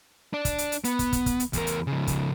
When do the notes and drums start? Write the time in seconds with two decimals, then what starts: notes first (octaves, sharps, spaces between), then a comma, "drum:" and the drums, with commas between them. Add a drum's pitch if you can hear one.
0.33 D4 D5
0.45 drum: kick, hi-hat
0.58 drum: hi-hat
0.72 drum: hi-hat
0.84 B3, drum: hi-hat
0.99 drum: kick, hi-hat
1.13 drum: kick, hi-hat
1.26 drum: kick, hi-hat
1.40 drum: hi-hat
1.53 E2 A#4, drum: kick, hi-hat
1.67 drum: hi-hat
1.87 C#3 F3
2.07 drum: kick, hi-hat